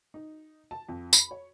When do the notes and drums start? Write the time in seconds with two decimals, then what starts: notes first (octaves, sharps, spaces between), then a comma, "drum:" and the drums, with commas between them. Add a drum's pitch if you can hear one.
0.14 D#4
0.71 A5
0.89 F2
1.13 B5, drum: tambourine
1.31 C#5